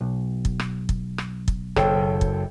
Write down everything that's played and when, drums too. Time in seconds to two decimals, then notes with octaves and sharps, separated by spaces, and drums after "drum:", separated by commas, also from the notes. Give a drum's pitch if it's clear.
0.01 B1
0.45 drum: kick
0.59 drum: rim click
0.89 drum: kick
1.18 drum: rim click
1.48 drum: kick
1.76 F#1 A4 C#5 G5, drum: rim click
2.21 drum: kick